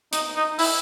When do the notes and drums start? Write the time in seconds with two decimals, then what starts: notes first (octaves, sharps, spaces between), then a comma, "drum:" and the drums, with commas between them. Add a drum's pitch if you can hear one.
0.13 D#4, drum: hi-hat
0.36 D#4
0.59 E4, drum: open hi-hat